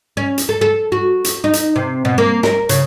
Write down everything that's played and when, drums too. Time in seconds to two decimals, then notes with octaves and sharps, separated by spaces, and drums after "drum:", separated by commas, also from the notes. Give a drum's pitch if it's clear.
0.17 C#4
0.38 drum: hi-hat
0.49 A4
0.61 A4
0.92 F#4
1.24 drum: hi-hat
1.44 D#4
1.53 drum: hi-hat
1.76 C3
2.05 B2
2.18 A#3
2.43 A#4, drum: snare
2.69 C#3, drum: hi-hat